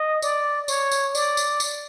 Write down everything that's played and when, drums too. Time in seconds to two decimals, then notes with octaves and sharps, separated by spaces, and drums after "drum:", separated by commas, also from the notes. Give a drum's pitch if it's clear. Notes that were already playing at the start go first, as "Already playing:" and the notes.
Already playing: D#5
0.22 D5, drum: tambourine
0.68 C#5, drum: tambourine
0.91 drum: tambourine
1.15 D5, drum: tambourine
1.37 drum: tambourine
1.60 drum: tambourine